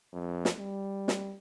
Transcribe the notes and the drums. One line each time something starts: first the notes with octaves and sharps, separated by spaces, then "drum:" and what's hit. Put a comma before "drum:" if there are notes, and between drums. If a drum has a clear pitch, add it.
F2
drum: snare
G3
drum: snare